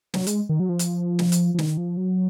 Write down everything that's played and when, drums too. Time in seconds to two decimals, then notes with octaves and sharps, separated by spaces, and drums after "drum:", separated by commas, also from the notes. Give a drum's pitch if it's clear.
0.14 F#3, drum: snare
0.27 G#3, drum: hi-hat
0.49 D#3
0.60 F#3
0.69 F3
0.79 drum: hi-hat
1.19 drum: snare
1.32 drum: hi-hat
1.54 F3
1.59 D#3, drum: snare
1.77 F3
1.97 F#3